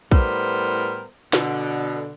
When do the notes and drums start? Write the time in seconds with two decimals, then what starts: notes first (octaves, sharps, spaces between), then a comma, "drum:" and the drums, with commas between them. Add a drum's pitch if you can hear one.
0.12 A2 G3 B3 A#4 C5, drum: kick
1.33 B2 D3, drum: snare